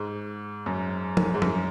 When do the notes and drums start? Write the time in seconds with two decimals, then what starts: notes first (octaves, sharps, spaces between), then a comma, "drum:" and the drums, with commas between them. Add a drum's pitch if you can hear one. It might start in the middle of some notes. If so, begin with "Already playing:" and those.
Already playing: G#2
0.66 F#2
1.17 drum: tom F3
1.34 G#2
1.42 F#2, drum: tom F3